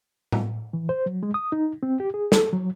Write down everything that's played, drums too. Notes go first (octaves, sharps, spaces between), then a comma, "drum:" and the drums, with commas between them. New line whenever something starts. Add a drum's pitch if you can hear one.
drum: tom A2
E3
C5
F#3
G#3
D#6
D#4
C4
G4
G#4
A4, drum: snare
F#3